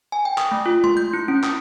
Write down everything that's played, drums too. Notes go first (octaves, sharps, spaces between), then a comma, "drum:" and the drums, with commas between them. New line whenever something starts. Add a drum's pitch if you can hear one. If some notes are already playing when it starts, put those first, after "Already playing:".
G#5
G5
D#6, drum: clap
A3
F4
C6, drum: tom G#3
G6
E4
C#4
D#6, drum: clap